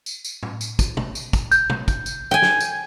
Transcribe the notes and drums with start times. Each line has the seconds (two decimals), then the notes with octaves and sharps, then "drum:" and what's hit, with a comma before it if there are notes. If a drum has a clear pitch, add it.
0.06 drum: tambourine
0.24 drum: tambourine
0.43 drum: tom A2
0.61 drum: tambourine
0.79 drum: kick, tambourine
0.97 drum: tom
1.15 drum: tambourine
1.33 drum: kick, tambourine
1.52 G6, drum: tambourine
1.70 drum: tom
1.88 drum: kick, tambourine
2.06 drum: tambourine
2.31 G5 G#5
2.42 drum: snare
2.60 drum: tambourine